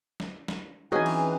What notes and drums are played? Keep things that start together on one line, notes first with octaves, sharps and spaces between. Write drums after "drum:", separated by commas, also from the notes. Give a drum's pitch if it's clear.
drum: snare
drum: snare
E3 C4 C#4 D#4 F#4 G#4 B4 G#5, drum: tom F#3
drum: cymbal